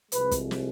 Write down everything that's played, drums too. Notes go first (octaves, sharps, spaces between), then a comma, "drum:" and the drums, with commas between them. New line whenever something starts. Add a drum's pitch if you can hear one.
C2 C3 F3 G#3 B4, drum: hi-hat
drum: kick, hi-hat
drum: snare